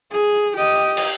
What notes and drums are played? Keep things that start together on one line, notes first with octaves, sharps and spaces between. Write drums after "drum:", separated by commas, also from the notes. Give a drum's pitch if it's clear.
G#4
G4 D#5
drum: cymbal